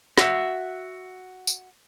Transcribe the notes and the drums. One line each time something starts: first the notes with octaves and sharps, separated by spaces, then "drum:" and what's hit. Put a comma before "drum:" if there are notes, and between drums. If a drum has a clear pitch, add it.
F#4 E5, drum: snare
drum: tambourine